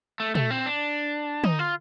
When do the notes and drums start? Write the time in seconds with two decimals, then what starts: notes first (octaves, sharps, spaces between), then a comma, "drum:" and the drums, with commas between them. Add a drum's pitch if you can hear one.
0.20 A3
0.35 A3, drum: tom
0.51 C4
0.66 D4
1.44 D#4, drum: tom
1.59 F4